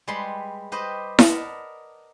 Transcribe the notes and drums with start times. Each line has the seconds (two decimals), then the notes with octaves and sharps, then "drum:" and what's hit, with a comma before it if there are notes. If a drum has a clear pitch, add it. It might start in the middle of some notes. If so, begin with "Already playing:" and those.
0.08 G3 G#3 B4 B5 C6
0.72 G4 B4 C5 D#5
1.19 A#4 D5 D#5 F#5 A5 B5, drum: snare E4